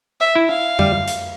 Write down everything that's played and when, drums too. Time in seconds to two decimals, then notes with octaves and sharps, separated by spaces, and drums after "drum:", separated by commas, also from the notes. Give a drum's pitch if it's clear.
0.21 E5
0.35 E4
0.50 F5
0.79 G3, drum: tom F2
1.08 drum: hi-hat